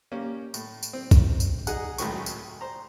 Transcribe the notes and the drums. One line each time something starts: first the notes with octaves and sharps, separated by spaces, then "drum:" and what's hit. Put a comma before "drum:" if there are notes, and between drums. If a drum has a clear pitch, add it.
A#3 C#4 G4
A2, drum: tambourine
drum: tambourine
C4
drum: kick A#1, tambourine
drum: tambourine
D#4 G#4 F#5, drum: tambourine
G#1 C#2 A2 D#3 F#3 C#6, drum: tambourine
drum: tambourine
C5 A#5